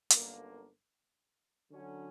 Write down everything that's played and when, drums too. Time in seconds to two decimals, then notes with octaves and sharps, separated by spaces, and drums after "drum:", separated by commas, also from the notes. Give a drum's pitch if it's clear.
0.10 G1 F#2 D3 A#3, drum: hi-hat
1.70 D3 F#3 C#4